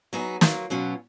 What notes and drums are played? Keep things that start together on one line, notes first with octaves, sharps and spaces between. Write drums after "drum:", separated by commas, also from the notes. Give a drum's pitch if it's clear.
F#3 B3 D#4 G#4
F#3 A#3 F4, drum: snare
B2 F#3 C#4 F4